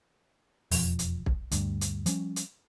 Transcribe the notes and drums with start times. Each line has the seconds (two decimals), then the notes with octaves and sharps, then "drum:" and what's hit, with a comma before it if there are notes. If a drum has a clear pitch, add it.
0.71 E1 F2 F3, drum: open hi-hat
0.99 drum: hi-hat
1.26 drum: kick
1.51 D2 G2, drum: hi-hat
1.81 drum: hi-hat
2.06 F3 G3 C#4, drum: hi-hat
2.36 drum: hi-hat